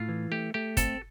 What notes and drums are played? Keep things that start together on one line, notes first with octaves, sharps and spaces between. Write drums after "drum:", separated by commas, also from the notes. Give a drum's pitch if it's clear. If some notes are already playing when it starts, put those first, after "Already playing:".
Already playing: A2 F4
E3
A3 G4
A3 G4
C4 A4, drum: kick, hi-hat